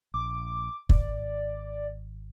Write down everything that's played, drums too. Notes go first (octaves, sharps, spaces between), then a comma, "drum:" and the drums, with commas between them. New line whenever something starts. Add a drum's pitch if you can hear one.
A#1 D6
G#1 D5, drum: kick